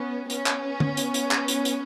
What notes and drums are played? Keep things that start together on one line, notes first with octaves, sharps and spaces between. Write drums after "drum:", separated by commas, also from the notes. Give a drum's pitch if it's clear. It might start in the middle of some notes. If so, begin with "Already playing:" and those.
Already playing: B3 C#4
B3 C#4, drum: hi-hat
drum: clap
drum: tom
drum: hi-hat
drum: hi-hat
drum: clap
drum: hi-hat
drum: hi-hat